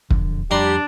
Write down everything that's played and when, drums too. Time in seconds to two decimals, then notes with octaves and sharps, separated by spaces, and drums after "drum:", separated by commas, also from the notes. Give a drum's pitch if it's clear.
0.11 E1 F2 D3, drum: kick
0.51 F2 G3 D4 G4 A#5 C6